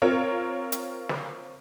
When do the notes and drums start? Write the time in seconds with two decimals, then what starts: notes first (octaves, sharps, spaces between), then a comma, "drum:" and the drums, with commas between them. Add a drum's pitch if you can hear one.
0.02 C4 F4 A#4 C#5
0.72 drum: hi-hat
1.09 drum: snare